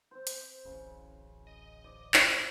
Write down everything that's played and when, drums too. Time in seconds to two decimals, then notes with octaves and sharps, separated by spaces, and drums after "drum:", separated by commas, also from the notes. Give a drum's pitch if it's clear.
0.11 C4 C5
0.27 drum: hi-hat
0.65 D1 A1 C#3
1.47 D#5
1.84 D5
2.14 C5, drum: clap